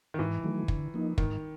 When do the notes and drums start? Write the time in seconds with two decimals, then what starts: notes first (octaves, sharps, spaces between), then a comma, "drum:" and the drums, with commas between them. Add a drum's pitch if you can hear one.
0.14 D#3
0.19 G#2 E3
0.44 D#3 F#3 A3
0.68 D3, drum: kick
0.94 F3 A#3 D#4
1.18 G#2 D#3, drum: kick